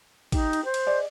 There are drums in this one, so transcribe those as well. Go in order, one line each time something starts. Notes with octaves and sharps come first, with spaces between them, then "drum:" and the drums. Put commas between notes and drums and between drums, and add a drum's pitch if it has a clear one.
D#4 G4, drum: kick, cymbal
drum: cymbal
C5
drum: cymbal
G#4 D5 D#5